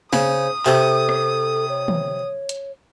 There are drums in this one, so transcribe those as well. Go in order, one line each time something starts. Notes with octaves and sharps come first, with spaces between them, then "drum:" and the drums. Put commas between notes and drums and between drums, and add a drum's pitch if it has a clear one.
C#3 C5 D#6, drum: snare
C3 A4, drum: clap
drum: rim click
C#5
drum: tom
drum: hi-hat